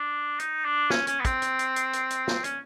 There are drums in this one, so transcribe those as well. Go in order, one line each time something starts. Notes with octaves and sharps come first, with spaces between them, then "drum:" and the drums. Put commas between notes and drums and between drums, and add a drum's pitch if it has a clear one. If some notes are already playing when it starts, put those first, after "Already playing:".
Already playing: D4
D#4, drum: hi-hat
D4
C#4, drum: snare
C#4, drum: hi-hat
B3
C4, drum: kick, hi-hat
drum: hi-hat
drum: hi-hat
drum: hi-hat
drum: hi-hat
drum: hi-hat
drum: snare
C#4, drum: hi-hat